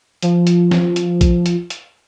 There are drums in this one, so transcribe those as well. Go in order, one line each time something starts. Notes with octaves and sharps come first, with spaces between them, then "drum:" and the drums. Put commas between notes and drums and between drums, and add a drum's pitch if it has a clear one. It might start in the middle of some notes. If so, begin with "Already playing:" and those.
F3, drum: hi-hat
drum: hi-hat
drum: snare
drum: hi-hat
drum: kick, hi-hat
drum: hi-hat
drum: hi-hat